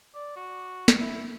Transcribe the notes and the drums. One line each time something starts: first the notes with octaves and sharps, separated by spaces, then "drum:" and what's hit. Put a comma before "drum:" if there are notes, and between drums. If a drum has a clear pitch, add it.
D5
F#4
drum: snare
E4